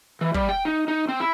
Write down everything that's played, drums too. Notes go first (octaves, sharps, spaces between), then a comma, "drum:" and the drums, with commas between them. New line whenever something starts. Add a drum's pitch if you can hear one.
E3
G3, drum: kick
G5
D#4
D#4
C4
E4